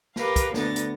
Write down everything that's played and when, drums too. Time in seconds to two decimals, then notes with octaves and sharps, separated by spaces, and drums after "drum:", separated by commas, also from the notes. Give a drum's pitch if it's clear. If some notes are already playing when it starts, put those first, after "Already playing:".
0.16 G4 A#4 B4 F5, drum: snare
0.36 drum: kick, hi-hat
0.54 D2 D3 B3 A6 A#6, drum: snare
0.76 drum: hi-hat